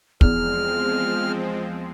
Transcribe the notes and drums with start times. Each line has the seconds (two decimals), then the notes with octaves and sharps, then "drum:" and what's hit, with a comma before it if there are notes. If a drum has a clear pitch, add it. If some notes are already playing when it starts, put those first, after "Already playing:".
0.21 E2 F3 G#3 C4 G#4 F6, drum: kick